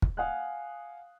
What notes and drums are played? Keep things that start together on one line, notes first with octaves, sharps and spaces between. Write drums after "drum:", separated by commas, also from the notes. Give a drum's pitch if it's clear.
drum: kick
F5 F#5 G#5 D#6 F#6